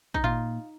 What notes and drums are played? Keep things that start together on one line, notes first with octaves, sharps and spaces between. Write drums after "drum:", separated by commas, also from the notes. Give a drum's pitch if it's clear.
D#4, drum: kick
A#2 A#3 F4